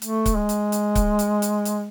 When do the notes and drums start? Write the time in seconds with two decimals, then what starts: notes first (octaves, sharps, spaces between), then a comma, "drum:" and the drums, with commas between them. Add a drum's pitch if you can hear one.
0.02 A3, drum: hi-hat
0.26 drum: kick C#1, hi-hat
0.37 G#3
0.49 drum: hi-hat
0.72 drum: hi-hat
0.95 drum: kick C#1, hi-hat
1.19 drum: hi-hat
1.42 drum: hi-hat
1.65 drum: hi-hat